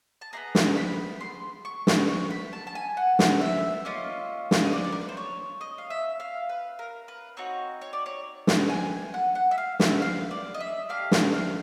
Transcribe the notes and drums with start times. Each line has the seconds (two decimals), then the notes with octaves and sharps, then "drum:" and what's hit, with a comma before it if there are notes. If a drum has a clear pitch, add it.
0.21 A5
0.33 B3 D#4 G#4 A#5
0.55 drum: snare
0.77 B5
1.21 C6
1.65 C#6
1.87 drum: snare
2.09 C#6
2.30 B5
2.53 A5
2.67 A5
2.75 G#5
2.97 F#5
3.19 drum: snare
3.41 E5
3.85 A#3 C#4 F4 D#5
4.51 drum: snare
4.65 D#5
4.73 D5
4.85 A4
4.92 A#4
5.01 B4
5.09 C5
5.17 C#5
5.61 D#5
5.78 F5
5.90 E5
6.20 F5
6.49 B4
6.79 A#4
7.08 B4
7.37 C4 D#4 F#4 C#5
7.81 C#5
7.93 D5
8.06 C#5
8.47 drum: snare
8.69 G#5
9.14 F#5
9.35 F#5
9.51 E5
9.58 F5
9.80 E5, drum: snare
10.02 F5
10.31 D5
10.54 D#5
10.60 E5
10.89 A3 D4 G4 F5
11.11 drum: snare
11.34 F5